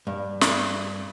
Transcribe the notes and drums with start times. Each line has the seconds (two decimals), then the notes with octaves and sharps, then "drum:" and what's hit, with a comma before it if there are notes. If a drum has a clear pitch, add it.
0.07 G2
0.41 drum: snare